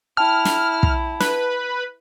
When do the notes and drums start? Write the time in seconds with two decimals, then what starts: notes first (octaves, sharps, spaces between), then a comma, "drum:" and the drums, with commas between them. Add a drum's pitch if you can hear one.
0.17 E4 G5 A5 F6 F7
0.45 drum: snare
0.83 drum: kick
1.20 B4, drum: snare